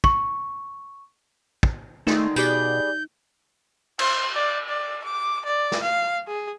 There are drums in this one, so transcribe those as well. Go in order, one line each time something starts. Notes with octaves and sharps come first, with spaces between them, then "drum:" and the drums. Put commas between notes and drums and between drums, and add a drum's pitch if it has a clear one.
C#6, drum: kick
drum: kick
D3 D#3 G#3 A3 D#4, drum: snare
B2 G3 G#4 D5 G6, drum: tambourine
C5, drum: cymbal
D5
D5
D6
D5
drum: snare
F5
G#4